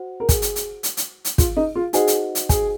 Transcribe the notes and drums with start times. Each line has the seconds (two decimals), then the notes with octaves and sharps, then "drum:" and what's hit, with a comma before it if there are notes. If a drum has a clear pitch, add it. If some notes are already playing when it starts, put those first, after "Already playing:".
Already playing: F#4 C5 F#5
0.20 A#4
0.29 G#4, drum: kick, hi-hat
0.42 drum: hi-hat
0.56 drum: hi-hat
0.83 drum: hi-hat
0.97 drum: hi-hat
1.25 drum: hi-hat
1.38 F4, drum: kick, hi-hat
1.57 D#4
1.75 F4
1.93 D#4 F#4 G#4 C5 D#5 F#5, drum: hi-hat
2.07 drum: hi-hat
2.35 drum: hi-hat
2.49 G#4, drum: kick, hi-hat